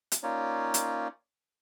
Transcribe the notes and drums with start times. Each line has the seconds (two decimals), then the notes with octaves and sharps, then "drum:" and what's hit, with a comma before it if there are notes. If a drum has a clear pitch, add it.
0.12 drum: hi-hat
0.23 A#3 C#4 D#4 F4 C#5 D5
0.74 drum: hi-hat